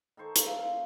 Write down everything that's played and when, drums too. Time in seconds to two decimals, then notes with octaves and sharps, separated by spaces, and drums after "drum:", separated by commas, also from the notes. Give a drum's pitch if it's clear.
0.17 D#3 A4 C5 C#6
0.36 A#2 C#3 E5 C6, drum: hi-hat
0.58 F5